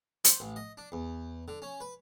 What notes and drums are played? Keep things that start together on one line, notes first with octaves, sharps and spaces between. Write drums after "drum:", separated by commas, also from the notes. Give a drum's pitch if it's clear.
C5, drum: hi-hat
A1
D#5
D4
E2
D3
C#4
B4